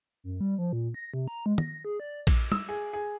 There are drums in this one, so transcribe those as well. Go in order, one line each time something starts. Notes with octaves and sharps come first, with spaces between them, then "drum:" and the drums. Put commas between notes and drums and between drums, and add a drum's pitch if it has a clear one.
F#2
G3
F3
A#2
A#6
C3
A#5
G#3
A#6, drum: tom
G#4
D5
drum: kick A#1, cymbal
E6, drum: tom
G#4
G#4